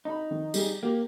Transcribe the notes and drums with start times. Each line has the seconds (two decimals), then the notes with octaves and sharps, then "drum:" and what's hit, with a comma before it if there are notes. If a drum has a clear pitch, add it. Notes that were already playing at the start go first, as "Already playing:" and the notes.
0.05 D#4 A#5 B5
0.31 D#3
0.54 G3 G#4, drum: tambourine
0.83 A#3 G4